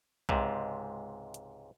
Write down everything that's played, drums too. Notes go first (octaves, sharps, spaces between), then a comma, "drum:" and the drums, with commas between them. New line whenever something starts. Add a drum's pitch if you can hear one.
C#2 G#2 C3, drum: kick C2
drum: hi-hat